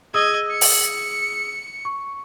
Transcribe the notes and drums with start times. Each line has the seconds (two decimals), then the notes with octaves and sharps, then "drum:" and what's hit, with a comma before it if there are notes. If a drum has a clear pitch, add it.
0.14 G#4 D#5 D#6 E6 G#6
0.51 C#7
0.61 drum: open hi-hat
1.85 C#6